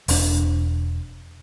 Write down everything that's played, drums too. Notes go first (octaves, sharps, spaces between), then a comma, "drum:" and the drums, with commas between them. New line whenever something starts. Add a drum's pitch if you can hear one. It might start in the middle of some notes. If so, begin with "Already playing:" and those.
E1 D4, drum: open hi-hat